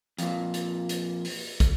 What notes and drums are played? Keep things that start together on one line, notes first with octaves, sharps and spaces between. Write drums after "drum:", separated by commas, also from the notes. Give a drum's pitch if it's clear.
F2 A#2, drum: hi-hat
drum: hi-hat
drum: hi-hat
drum: open hi-hat
drum: kick, hi-hat